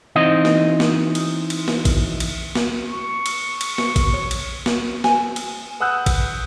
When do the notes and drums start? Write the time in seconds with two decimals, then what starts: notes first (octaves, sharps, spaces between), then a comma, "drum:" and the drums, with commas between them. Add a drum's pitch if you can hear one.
0.16 E3 C4 D#4 D#5
0.45 drum: snare
0.80 drum: snare
1.15 drum: cymbal
1.50 drum: cymbal
1.68 drum: snare
1.85 drum: kick A1, cymbal
2.20 drum: cymbal
2.55 drum: snare
2.86 C#6
3.26 drum: cymbal
3.61 drum: cymbal
3.78 drum: snare
3.96 drum: kick A1, cymbal
4.13 C#5
4.31 drum: cymbal
4.66 drum: snare
5.04 G#5, drum: snare
5.36 drum: cymbal
5.80 B4 F#5 D#6 E6 F#6 G6
6.06 drum: kick A1, cymbal